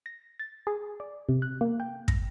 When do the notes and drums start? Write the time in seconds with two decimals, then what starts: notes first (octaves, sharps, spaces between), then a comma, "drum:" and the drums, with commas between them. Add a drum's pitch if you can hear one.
0.06 A#6
0.39 A6
0.67 G#4
1.00 D5
1.29 C3
1.42 F#6
1.61 A#3
1.80 G5
2.08 A#6, drum: kick